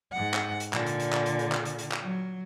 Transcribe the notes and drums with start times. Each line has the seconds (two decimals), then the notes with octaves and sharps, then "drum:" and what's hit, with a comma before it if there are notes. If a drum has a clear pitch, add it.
0.13 G#2 F#5
0.34 drum: clap
0.60 drum: hi-hat
0.73 A#2 D3, drum: clap
0.86 drum: hi-hat
1.00 drum: hi-hat
1.13 drum: clap
1.26 drum: hi-hat
1.39 drum: hi-hat
1.52 drum: clap
1.65 drum: hi-hat
1.78 drum: hi-hat
1.92 drum: clap
2.02 F#3